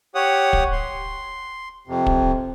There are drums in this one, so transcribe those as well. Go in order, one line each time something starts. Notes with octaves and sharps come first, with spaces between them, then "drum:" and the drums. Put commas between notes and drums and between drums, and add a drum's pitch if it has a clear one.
G4 C#5 F#5 D#6
drum: kick
C6
F2 C3
drum: kick